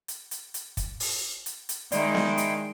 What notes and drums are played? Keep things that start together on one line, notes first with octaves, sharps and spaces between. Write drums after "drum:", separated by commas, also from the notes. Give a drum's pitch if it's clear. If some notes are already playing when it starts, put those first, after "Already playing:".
drum: hi-hat
drum: hi-hat
drum: hi-hat
drum: kick, hi-hat
drum: open hi-hat
drum: hi-hat
drum: hi-hat
D#3 G#3 E4 D5 G5 C6, drum: hi-hat
drum: snare B3
drum: hi-hat